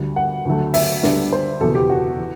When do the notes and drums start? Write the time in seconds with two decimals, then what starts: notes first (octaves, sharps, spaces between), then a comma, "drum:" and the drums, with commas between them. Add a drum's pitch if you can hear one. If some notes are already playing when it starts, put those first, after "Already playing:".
Already playing: D2 D3 G3
0.16 F#5
0.45 D2 D3 F#3 A3
0.74 E5, drum: open hi-hat
1.03 D2 D3 G3 B3 D4, drum: snare
1.32 C5
1.61 F#1 E2 B2 A4
1.75 G4
1.90 F#4
2.18 E3